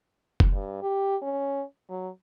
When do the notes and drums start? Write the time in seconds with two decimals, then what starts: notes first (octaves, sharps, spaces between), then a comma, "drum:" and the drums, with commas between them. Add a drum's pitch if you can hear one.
0.40 drum: kick F1
0.53 G2
0.82 G4
1.22 C#4
1.90 F#3